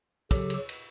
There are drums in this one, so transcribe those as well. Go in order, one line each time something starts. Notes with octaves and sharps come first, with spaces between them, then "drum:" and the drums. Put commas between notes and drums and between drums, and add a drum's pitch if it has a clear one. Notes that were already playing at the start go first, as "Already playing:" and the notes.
C#3 F#3 G4 A4, drum: kick, cymbal
drum: cymbal
drum: cymbal